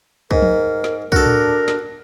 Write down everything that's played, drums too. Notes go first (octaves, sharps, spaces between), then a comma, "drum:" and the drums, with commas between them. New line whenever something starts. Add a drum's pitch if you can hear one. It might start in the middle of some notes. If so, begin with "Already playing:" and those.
G#2 A#4, drum: kick
drum: tom
drum: snare
D4 F#4 A4 A#4, drum: kick
drum: tom A2
drum: snare